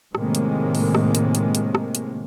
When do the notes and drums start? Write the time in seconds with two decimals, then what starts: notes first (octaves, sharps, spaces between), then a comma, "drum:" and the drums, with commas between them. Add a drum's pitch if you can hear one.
0.15 A2 C3 D#3 G#3 A#3, drum: rim click
0.35 drum: hi-hat
0.75 drum: open hi-hat
0.95 drum: rim click
1.15 drum: hi-hat
1.35 drum: hi-hat
1.55 drum: hi-hat
1.75 drum: rim click
1.95 drum: hi-hat